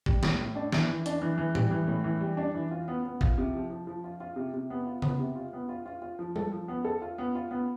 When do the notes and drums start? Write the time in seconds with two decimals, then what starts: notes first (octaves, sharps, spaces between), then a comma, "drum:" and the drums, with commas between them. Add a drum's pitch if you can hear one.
0.06 G3, drum: kick
0.23 A2, drum: snare
0.39 A2
0.55 D4
0.72 E3, drum: snare
0.89 E3
1.06 D4, drum: hi-hat
1.22 E3
1.38 E3
1.55 G3, drum: tom A2
1.71 E3
1.88 A2
2.04 E3
2.21 G3
2.37 D4
2.54 E3
2.71 F4
2.88 B3
3.05 B3
3.21 F4, drum: kick
3.38 C3
3.54 F3
3.70 F3
3.87 F3
4.04 F4
4.20 F4
4.36 C3
4.54 C3
4.70 B3
4.86 F4
5.02 B3, drum: tom C#3
5.19 C3
5.36 F4
5.53 B3
5.69 F4
5.86 F4
6.02 F4
6.19 F3
6.36 A4, drum: tom G3
6.52 F3
6.68 B3
6.85 A4
7.02 F4
7.18 B3
7.35 F4
7.51 B3